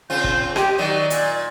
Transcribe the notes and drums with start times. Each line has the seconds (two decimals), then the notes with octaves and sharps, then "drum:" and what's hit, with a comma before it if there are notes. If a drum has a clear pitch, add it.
0.10 C#3 C4 F4 G6
0.24 drum: kick
0.56 G4 D#5, drum: rim click
0.78 D#3 F#3 D5 D#5
1.10 A#2, drum: hi-hat